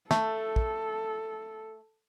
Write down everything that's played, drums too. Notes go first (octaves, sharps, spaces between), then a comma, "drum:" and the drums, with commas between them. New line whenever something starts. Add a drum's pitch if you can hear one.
A3 A4, drum: snare
drum: kick